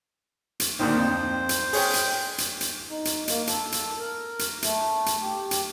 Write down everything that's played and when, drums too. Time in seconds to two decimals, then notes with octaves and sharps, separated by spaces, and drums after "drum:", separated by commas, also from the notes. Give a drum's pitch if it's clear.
0.60 drum: hi-hat
0.79 D2 A#2 D#3 C5
0.96 F2
1.49 drum: hi-hat
1.73 G#4 C#5 G5, drum: open hi-hat
1.94 drum: hi-hat
2.38 drum: hi-hat
2.61 drum: hi-hat
2.90 D#4
3.05 drum: hi-hat
3.28 A#3, drum: hi-hat
3.47 A4, drum: hi-hat
3.72 drum: hi-hat
3.99 A#4
4.39 drum: hi-hat
4.62 A3, drum: hi-hat
5.06 drum: hi-hat
5.22 G4
5.51 drum: hi-hat